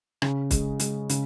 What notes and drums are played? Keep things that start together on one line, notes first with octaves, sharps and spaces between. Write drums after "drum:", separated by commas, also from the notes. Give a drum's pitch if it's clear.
C#3, drum: rim click
G#3, drum: kick, hi-hat
G#3, drum: hi-hat
C#3, drum: hi-hat